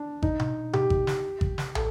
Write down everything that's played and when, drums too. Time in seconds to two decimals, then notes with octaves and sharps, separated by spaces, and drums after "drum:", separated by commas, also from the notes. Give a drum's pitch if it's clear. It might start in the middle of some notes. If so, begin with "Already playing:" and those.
Already playing: D4
0.22 D#4, drum: kick G#1
0.40 drum: tom B2
0.73 G4, drum: tom B2
0.90 drum: kick G#1
1.07 drum: snare
1.41 drum: kick G#1
1.58 drum: snare
1.75 A4, drum: tom